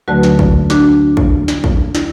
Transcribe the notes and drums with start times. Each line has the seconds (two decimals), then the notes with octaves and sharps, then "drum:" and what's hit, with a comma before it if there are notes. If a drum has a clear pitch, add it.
0.08 D2 D3 F#3 A3 F#4 B4
0.23 drum: snare
0.39 drum: kick
0.70 D4 F#4, drum: snare
1.17 drum: kick
1.48 drum: snare
1.64 drum: kick
1.95 E4, drum: snare